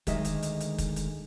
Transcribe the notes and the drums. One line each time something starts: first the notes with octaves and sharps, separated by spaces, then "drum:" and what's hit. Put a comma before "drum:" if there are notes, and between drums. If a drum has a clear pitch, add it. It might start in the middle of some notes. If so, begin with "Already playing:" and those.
D2 D#3 G#3 D#5 E5, drum: kick, hi-hat
drum: hi-hat
drum: hi-hat
drum: hi-hat
drum: kick, hi-hat
drum: hi-hat